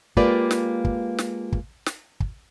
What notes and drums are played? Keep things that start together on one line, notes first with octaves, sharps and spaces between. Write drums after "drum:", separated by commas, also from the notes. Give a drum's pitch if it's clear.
G#3 A#3 F4 G4 B4 D5, drum: kick
drum: snare
drum: kick
drum: snare
drum: kick
drum: snare
drum: kick